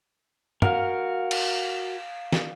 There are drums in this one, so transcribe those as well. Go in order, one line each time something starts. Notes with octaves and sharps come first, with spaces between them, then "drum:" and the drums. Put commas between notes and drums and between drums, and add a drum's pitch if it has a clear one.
F#4 A#4 F5, drum: tom
drum: cymbal
drum: snare